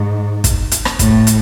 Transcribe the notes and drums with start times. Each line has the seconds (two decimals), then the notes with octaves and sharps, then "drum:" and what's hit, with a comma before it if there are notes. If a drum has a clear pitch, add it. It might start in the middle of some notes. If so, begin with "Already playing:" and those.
Already playing: G#2
0.44 drum: kick, hi-hat
0.71 drum: hi-hat
0.85 drum: rim click
0.99 A2, drum: kick, hi-hat
1.27 drum: hi-hat